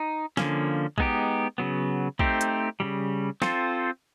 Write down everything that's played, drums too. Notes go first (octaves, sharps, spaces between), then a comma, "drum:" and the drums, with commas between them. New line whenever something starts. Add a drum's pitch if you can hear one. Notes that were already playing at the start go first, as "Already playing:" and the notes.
Already playing: D#4
D3 F3 A#3 C#4, drum: snare
G#3 B3 D#4 G4, drum: kick
C#3 F#3 B3
A3 C4 D#4 G4 C5, drum: kick
drum: hi-hat
C#3 E3 G3
C4 F4 A4 C5, drum: snare